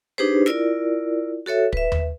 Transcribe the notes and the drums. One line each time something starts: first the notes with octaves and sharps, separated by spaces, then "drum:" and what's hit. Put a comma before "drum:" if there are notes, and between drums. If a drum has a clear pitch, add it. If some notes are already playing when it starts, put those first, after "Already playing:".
D4 D#4 G4 G#4 B4 C5
E4 F4 A#4 D5, drum: snare
F#4 A4 C#5 E5
B4 E5, drum: kick
drum: tom D#2